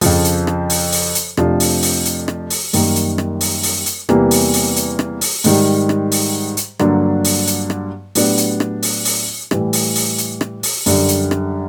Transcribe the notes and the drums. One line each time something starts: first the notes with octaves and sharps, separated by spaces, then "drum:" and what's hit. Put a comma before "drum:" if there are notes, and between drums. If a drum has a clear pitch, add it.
F2 C#3 F3, drum: open hi-hat
drum: hi-hat
drum: rim click
drum: open hi-hat
drum: open hi-hat
drum: hi-hat
F2 C3 F3 A3 D4, drum: rim click
drum: open hi-hat
drum: open hi-hat
drum: hi-hat
drum: rim click
drum: open hi-hat
F#2 D#3 G3 A#3, drum: open hi-hat
drum: hi-hat
drum: rim click
drum: open hi-hat
drum: open hi-hat
drum: hi-hat
E2 C3 E3 G3 A#3, drum: rim click
drum: open hi-hat
drum: open hi-hat
drum: hi-hat
drum: rim click
drum: open hi-hat
G#2 D#3 G3, drum: open hi-hat
drum: rim click
drum: open hi-hat
drum: hi-hat
G2 D3 F#3 A#3 D4, drum: rim click
drum: open hi-hat
drum: hi-hat
drum: rim click
A2 F#3 B3 D4 G4, drum: open hi-hat
drum: hi-hat
drum: rim click
drum: open hi-hat
drum: open hi-hat
A2 E3 G3, drum: rim click
drum: open hi-hat
drum: open hi-hat
drum: hi-hat
drum: rim click
drum: open hi-hat
F#2 D3 G3, drum: open hi-hat
drum: hi-hat
drum: rim click